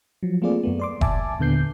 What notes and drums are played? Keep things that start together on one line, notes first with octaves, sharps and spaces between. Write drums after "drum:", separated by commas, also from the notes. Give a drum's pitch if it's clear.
F3 F#3
A3 A#3 C4 F4 G#4 D5
F#2 A3 B3
D5 C6 D6
E5 G#5 A5 D6, drum: kick F1
D#2 A#2 D3 B3 G6 C7